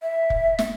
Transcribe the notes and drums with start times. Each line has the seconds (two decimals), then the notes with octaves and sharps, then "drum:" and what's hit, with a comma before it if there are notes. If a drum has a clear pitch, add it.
0.02 E5
0.30 drum: kick
0.59 drum: snare